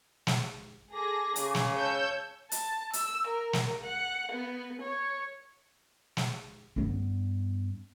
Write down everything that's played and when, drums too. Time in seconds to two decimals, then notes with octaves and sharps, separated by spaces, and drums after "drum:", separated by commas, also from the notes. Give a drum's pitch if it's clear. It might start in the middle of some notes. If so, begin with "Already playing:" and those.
0.27 drum: snare
0.94 G#4 A4 D6 A#6
1.36 C#3 G#4, drum: hi-hat
1.55 drum: snare
1.78 C#5 A5 E6 G6
2.52 A5, drum: hi-hat
2.93 E6, drum: hi-hat
3.28 A#4
3.53 drum: snare
3.83 F#5
4.32 B3
4.82 C#5
6.17 drum: snare
6.76 G2 B3